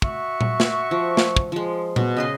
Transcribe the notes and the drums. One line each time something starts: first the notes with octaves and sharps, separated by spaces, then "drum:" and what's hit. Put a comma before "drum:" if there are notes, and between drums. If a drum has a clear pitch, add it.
F#4 E5 C#6, drum: kick
drum: tom A#2
drum: snare
F3
drum: snare
drum: kick
F3 G#3
B2, drum: tom A#2
C#3 B4 D#5 C6